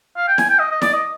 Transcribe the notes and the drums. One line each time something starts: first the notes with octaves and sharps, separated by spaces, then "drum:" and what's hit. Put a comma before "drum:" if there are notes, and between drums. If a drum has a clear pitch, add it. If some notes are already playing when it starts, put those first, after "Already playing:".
F5
G5
G#5, drum: snare E4
G5
D#5
D#5
D5, drum: snare E4
D#5